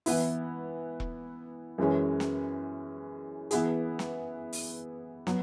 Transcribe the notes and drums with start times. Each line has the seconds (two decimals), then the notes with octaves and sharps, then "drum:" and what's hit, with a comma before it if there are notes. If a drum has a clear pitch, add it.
0.06 E3 B3 E4, drum: open hi-hat
1.00 drum: kick E1
1.78 F#2 E3 G#3 C#4
2.20 drum: snare
3.51 E3 B3 E4 G#4, drum: hi-hat
3.99 drum: snare
4.53 drum: open hi-hat
5.27 F#3 B3, drum: snare